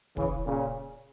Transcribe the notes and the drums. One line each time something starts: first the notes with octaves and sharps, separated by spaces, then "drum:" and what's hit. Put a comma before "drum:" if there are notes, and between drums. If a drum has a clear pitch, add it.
C#3 E3, drum: kick
A#2 C#3